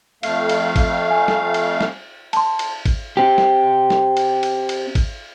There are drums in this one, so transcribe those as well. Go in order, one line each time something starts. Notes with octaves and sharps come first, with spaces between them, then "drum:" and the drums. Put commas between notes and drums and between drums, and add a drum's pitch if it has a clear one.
F2 A3 F5, drum: cymbal
drum: cymbal
drum: kick G#1, cymbal
G#5
drum: snare
drum: cymbal
drum: snare
A5 C6, drum: cymbal
drum: cymbal
drum: kick G#1, cymbal
C4 G4
drum: snare
drum: snare
drum: cymbal
drum: cymbal
drum: cymbal
drum: kick G#1, cymbal